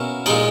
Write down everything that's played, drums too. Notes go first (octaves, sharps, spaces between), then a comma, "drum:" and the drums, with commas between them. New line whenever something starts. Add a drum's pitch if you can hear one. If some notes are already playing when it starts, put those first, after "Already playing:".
Already playing: B2 A#3 C#4 E4
A#2 G#3 D#4, drum: cymbal